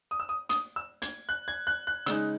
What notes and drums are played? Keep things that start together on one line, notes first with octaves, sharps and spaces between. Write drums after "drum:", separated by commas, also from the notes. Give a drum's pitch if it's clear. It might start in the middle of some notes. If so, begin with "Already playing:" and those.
D#6
E6
D#6
D#6, drum: hi-hat
E6
G#6, drum: hi-hat
F#6
G#6
F#6
F#6
C#3 G#3 D#4 E6, drum: hi-hat